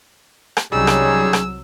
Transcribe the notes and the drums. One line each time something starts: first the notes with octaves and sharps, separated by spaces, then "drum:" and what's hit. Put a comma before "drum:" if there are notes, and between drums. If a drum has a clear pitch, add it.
drum: rim click
C2 F#3 G3 C#4 D#4 G#4 E6
drum: rim click
drum: rim click